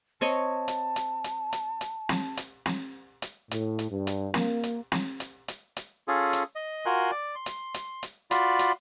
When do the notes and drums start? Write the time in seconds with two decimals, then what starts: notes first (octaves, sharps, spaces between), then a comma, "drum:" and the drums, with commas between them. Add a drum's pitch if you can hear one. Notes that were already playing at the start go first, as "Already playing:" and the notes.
0.21 C4 C#5 D#5 A5
0.68 drum: hi-hat
0.96 drum: hi-hat
1.24 drum: hi-hat
1.53 drum: hi-hat
1.81 drum: hi-hat
2.09 drum: snare
2.37 drum: hi-hat
2.66 drum: snare
3.22 drum: hi-hat
3.51 A2, drum: hi-hat
3.79 drum: hi-hat
3.90 G2
4.07 drum: hi-hat
4.34 A#3, drum: snare
4.63 drum: hi-hat
4.92 drum: snare
5.20 drum: hi-hat
5.48 drum: hi-hat
5.77 drum: hi-hat
6.08 C#4 F4 G#4 A4
6.33 drum: hi-hat
6.55 D#5
6.86 F4 F#4 A#4 G#5 C6 F#6
7.11 D5
7.35 C6
7.46 drum: hi-hat
7.74 drum: hi-hat
8.03 drum: hi-hat
8.31 F4 F#4 D5 B5 C6, drum: hi-hat
8.59 drum: hi-hat